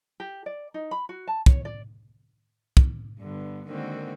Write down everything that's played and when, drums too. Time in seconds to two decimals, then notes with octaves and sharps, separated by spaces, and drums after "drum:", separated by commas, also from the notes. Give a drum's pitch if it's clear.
0.20 G4
0.46 D5
0.74 D#4
0.91 B5
1.09 F#4
1.28 A5
1.46 C#5, drum: kick
1.65 D5
2.77 drum: kick
3.19 G2 D3 B3
3.68 D3 D#3 G#3 A#3 C4 F#4